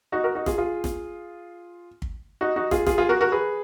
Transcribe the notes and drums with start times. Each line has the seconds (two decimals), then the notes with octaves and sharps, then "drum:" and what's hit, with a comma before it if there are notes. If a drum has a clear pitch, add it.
0.12 D#4 F#4
0.24 F#4 A#4
0.35 D#4 F#4
0.46 F4 G#4, drum: snare
0.58 F4 G#4
0.84 drum: snare
2.02 drum: kick
2.41 D#4 F#4
2.56 D#4 F#4
2.71 F4 G#4, drum: snare
2.87 F4 G#4, drum: snare
2.98 F4 G#4
3.09 F#4 A#4
3.21 F#4 A#4
3.32 G#4 B4